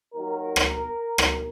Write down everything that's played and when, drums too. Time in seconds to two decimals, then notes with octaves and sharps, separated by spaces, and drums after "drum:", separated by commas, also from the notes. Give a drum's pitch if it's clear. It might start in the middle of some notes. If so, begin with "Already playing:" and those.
0.14 D#2 D#3 F#3 A#4
0.56 drum: rim click
1.18 drum: rim click